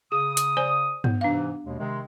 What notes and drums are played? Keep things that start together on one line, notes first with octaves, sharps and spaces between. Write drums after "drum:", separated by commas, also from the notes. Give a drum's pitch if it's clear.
C#3 G#4 D#6
drum: hi-hat
C5 D5 G#5
B3, drum: tom G2
G#2 C3 E3 D4 F5
D#2 B2 G#3
C3 D#3 G#3